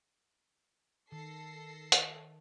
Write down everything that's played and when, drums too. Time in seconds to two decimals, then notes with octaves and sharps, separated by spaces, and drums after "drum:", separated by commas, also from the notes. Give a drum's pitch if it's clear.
1.12 D#3 A4 A#6 C7
1.92 drum: hi-hat